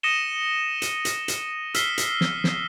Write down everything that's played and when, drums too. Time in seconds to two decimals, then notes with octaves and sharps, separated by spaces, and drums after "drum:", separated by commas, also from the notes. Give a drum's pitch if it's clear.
0.03 D#6 A#6 C#7 D#7 E7 G7
0.82 drum: hi-hat
1.05 drum: hi-hat
1.28 drum: hi-hat
1.74 E6 F6 B6 C7 G7, drum: hi-hat
1.98 drum: hi-hat
2.21 drum: snare
2.44 drum: snare